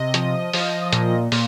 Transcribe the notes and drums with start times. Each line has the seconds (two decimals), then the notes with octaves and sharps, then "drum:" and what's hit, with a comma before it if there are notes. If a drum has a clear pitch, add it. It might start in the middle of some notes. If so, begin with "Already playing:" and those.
Already playing: C3 D#5
0.14 F3, drum: hi-hat
0.53 F3, drum: open hi-hat
0.93 A#2, drum: hi-hat
1.32 A#2, drum: open hi-hat